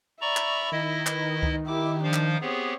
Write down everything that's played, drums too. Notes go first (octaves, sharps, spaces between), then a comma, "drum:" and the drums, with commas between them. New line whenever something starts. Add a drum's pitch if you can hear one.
D5 E5 A#5 B5 C#6
drum: clap
D#3 E4 D#5
B4, drum: clap
drum: kick C#2
E4 G4 D6
F3 D4 C5 F5
drum: clap
B3 C4 G4 G#4 C#5